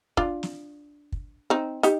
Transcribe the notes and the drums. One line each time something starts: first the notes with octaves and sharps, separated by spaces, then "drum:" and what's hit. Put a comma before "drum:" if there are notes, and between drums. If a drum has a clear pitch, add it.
D4 F4, drum: kick
drum: snare
drum: kick
C4 D#4
D#4 G4, drum: hi-hat